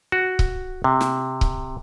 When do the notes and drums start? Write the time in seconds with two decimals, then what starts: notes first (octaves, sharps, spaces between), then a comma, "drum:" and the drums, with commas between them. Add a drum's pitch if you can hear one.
0.12 F#4
0.39 drum: kick C#1
0.84 C3
1.01 drum: snare
1.41 drum: kick C#1